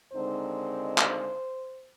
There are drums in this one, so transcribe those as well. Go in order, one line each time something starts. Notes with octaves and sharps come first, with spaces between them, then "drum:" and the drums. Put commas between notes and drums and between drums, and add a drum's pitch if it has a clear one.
D#2 D3 G#3 C4 D#4 C5
drum: clap